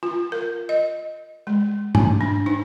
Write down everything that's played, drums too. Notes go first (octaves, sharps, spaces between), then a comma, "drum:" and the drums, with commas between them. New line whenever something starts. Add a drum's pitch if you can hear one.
F4
A#4
D#5
G#3
G#5, drum: tom
D4
D#4